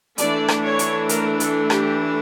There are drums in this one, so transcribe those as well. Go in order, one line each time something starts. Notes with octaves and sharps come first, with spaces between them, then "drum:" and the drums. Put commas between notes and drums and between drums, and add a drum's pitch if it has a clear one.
E3 A3 D4 D5, drum: hi-hat
drum: rim click
C#5
drum: hi-hat
A#4, drum: hi-hat
A4, drum: hi-hat
G4, drum: rim click